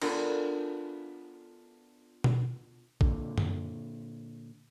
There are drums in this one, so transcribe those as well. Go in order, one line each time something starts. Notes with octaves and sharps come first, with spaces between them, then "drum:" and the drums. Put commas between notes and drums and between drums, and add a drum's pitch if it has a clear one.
B3 D4 F4 A4 A#4, drum: cymbal
drum: tom B2
A#2 D3, drum: kick A1
drum: tom F#2